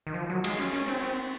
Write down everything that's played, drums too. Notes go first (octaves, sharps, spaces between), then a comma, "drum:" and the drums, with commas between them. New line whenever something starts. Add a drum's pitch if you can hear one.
D#3
F3
F#3
G#3, drum: cymbal
C#4
C#4
C4
C4